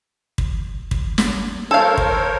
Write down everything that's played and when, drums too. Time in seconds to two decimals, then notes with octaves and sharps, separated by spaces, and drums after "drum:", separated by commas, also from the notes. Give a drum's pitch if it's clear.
0.38 drum: kick
0.91 drum: kick
1.18 drum: snare
1.71 A4 A#4 C5 C#5 F5
1.97 drum: kick